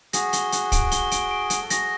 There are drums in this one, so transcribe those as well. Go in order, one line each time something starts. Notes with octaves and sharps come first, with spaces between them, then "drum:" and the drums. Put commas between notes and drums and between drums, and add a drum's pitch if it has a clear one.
F#4 G#4 A#6, drum: hi-hat
G7, drum: hi-hat
F#6, drum: hi-hat
D7, drum: kick, hi-hat
G7, drum: hi-hat
D7, drum: hi-hat
D7
D7, drum: hi-hat
A4
F#4 G#4 A#6, drum: hi-hat